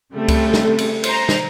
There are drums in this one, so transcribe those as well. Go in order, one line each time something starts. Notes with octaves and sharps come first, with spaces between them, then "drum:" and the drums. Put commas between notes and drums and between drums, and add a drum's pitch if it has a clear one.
C#3 G3 A3 C4
drum: kick C#2, cymbal
drum: snare
drum: cymbal
C5 A#5, drum: cymbal
drum: snare